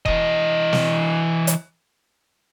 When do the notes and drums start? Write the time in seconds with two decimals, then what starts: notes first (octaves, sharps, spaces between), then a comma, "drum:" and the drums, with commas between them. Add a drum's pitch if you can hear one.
0.06 E3 D#5, drum: kick E1
0.73 drum: snare
1.47 drum: hi-hat